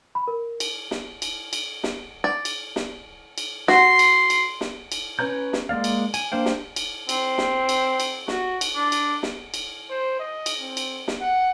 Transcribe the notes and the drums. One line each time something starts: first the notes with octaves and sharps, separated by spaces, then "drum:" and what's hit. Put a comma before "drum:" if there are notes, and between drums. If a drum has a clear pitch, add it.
B5
A#4
drum: cymbal
drum: snare
drum: cymbal
drum: cymbal
drum: snare
D5
drum: cymbal
drum: snare
drum: cymbal
F#4 C6, drum: snare
drum: cymbal
drum: cymbal
drum: snare
drum: cymbal
C#4 B4 C#5 A#5 G6
drum: snare
G#3 A#3 D5 F5
drum: cymbal
G#5, drum: cymbal
A#3 D4 C5 F5 G5
drum: snare
drum: cymbal
C4, drum: cymbal
drum: snare
drum: cymbal
drum: cymbal
F#4, drum: snare
drum: cymbal
D4
drum: cymbal
drum: snare
drum: cymbal
C5
D#5
drum: cymbal
C4
drum: cymbal
drum: snare
F#5